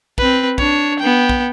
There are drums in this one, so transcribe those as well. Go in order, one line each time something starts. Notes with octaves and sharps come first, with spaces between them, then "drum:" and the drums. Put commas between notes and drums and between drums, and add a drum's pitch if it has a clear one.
C4 B4, drum: kick
D4 C#5, drum: kick
B3 G5
drum: kick